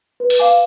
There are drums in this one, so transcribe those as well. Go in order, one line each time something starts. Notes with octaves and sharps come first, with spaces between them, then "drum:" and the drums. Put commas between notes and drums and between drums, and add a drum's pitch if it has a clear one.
B4
drum: open hi-hat
F5 G#5 D6